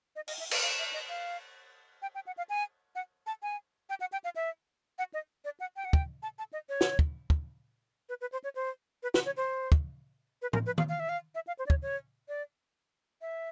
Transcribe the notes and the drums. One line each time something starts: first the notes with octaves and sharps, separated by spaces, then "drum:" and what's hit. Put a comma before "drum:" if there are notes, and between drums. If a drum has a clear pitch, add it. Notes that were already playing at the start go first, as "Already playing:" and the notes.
D#5
D#5, drum: open hi-hat
E5
F5, drum: cymbal
F5
E5
D#5
F5
G5
G5
F#5
F5
G#5
F#5
A5
G#5
G5
F#5
G5
F5
E5
F#5
D#5
D5
F#5
G5
F#5
G5, drum: kick
A5
A5
D#5
C#5
drum: snare
drum: kick
drum: kick
B4
B4
C5
C#5
C5
B4
B4, drum: snare
C#5
C5
drum: kick
B4
A#4, drum: tom A2
B4
F5, drum: tom D#3
F5
E5
F5
E5
F5
C5
D5
C#5, drum: kick
C#5
D5
E5